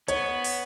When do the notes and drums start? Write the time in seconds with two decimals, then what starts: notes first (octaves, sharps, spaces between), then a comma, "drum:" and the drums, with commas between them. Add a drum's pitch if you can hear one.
0.08 B3 C#5, drum: hi-hat
0.44 drum: open hi-hat